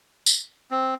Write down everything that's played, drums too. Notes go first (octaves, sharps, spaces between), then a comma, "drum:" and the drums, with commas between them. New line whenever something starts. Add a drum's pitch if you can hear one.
drum: tambourine
C4